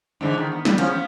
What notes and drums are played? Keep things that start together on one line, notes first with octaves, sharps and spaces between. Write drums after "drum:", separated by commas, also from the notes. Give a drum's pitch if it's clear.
G#2 D3 E3
D#3
B3
E2 G3, drum: snare
F3 C#4, drum: hi-hat
B3